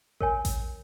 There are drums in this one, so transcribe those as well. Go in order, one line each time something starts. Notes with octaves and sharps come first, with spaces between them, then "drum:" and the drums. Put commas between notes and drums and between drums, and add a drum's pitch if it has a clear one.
A#4 C#5 G#5, drum: kick A1
drum: kick A1, hi-hat